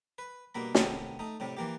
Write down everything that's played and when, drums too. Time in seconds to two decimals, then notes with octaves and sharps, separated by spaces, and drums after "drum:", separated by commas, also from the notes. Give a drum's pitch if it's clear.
0.18 B4
0.55 G2 B2 A#3 B5
0.75 C3 D#3 A3 B3 C#4, drum: snare
1.19 A3 D#4
1.40 A2 C3 G3
1.57 E3 A#3 G4